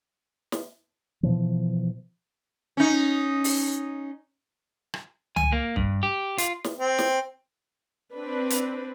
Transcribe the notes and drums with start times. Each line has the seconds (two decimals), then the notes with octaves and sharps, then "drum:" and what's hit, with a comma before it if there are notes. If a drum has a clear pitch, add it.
0.52 drum: snare
1.23 B2 E3 F3
2.77 C#4 D#4
3.44 drum: open hi-hat
4.94 drum: rim click
5.36 G#5, drum: tom C#2
5.53 A#3
5.76 G2, drum: kick
6.03 G4
6.38 F4, drum: hi-hat
6.64 drum: snare
6.78 C4
6.99 drum: snare
8.15 C4 D4 B4
8.50 drum: hi-hat